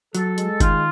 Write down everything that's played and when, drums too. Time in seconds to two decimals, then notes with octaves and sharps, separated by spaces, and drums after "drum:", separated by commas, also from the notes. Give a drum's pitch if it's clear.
0.15 F#3 A4, drum: hi-hat
0.38 G#3, drum: hi-hat
0.60 D#3 F4, drum: kick F#1, hi-hat